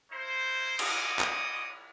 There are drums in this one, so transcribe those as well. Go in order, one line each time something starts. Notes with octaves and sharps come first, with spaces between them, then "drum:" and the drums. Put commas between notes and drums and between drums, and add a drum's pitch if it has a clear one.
A#3 E4 C5
C#4 F#4 D#5 D6 D#6, drum: cymbal
drum: clap